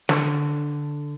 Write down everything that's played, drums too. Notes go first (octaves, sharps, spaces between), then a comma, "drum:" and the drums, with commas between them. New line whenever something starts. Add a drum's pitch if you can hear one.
D3, drum: snare